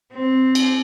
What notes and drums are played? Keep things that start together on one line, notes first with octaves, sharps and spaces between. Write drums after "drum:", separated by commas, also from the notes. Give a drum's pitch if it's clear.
C4
drum: cymbal